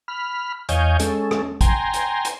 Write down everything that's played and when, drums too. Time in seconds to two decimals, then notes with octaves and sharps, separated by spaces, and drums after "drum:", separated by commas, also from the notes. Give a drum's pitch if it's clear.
0.08 B5 F6
0.69 E2 C#5 D#5 F5 G#5 G6, drum: hi-hat
1.00 G#3 C#4 A4, drum: hi-hat
1.31 drum: rim click
1.61 G5 G#5 A#5 C6, drum: kick A1, hi-hat
1.94 drum: hi-hat
2.25 drum: hi-hat